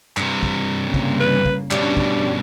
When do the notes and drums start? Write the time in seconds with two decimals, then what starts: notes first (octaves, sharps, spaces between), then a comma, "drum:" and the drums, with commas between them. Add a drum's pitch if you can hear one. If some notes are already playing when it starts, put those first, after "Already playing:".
0.17 G2 C3, drum: clap
0.43 drum: kick
0.83 C#3 G3 A#3
0.94 drum: kick
1.20 B4
1.46 drum: kick
1.71 G2 B2 G3 C#4 D4, drum: clap
1.97 drum: kick